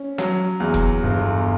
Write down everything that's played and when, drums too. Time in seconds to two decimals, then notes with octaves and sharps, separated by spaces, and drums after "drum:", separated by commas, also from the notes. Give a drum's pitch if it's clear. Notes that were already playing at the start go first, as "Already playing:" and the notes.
Already playing: C#4
0.18 F#3, drum: snare
0.60 E2
0.74 drum: kick F1
1.03 G1